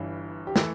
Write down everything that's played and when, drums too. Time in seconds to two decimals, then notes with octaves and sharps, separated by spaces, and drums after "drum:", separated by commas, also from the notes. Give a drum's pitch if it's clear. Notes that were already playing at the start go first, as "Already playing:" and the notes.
Already playing: G1 G2 E3
0.47 G4
0.56 E3 A3 A4, drum: snare